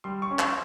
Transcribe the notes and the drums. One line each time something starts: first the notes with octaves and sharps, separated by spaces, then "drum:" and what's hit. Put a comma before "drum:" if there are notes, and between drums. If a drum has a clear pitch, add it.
G3 C6
C#6
C#4
C6, drum: clap